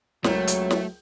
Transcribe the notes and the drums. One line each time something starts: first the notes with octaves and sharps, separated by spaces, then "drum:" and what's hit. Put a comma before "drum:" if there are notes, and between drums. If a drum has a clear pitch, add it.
C#2 F#3 A3 A#4 C#5 G6, drum: snare
drum: hi-hat
drum: snare